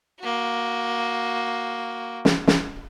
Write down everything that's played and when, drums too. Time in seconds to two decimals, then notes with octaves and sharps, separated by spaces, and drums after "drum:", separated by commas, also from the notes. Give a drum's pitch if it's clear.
0.20 A#3 F#4
2.25 drum: snare
2.47 drum: snare